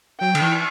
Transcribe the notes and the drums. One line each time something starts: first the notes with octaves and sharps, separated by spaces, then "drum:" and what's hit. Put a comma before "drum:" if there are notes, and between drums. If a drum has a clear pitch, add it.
F#3 G5
D3, drum: cymbal
E3